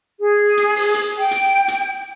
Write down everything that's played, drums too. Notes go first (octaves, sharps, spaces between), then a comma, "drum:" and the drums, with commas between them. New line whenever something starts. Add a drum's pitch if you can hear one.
G#4
drum: hi-hat
drum: open hi-hat
drum: hi-hat
G5
drum: hi-hat
drum: hi-hat